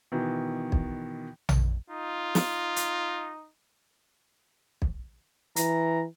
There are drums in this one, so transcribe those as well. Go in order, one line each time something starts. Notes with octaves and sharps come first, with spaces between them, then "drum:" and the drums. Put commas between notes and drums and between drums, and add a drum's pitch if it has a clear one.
B2 D#3 E3
drum: kick B1
drum: tom A#1
D#4 F4
drum: snare
drum: hi-hat
drum: kick B1
E3 A#5, drum: hi-hat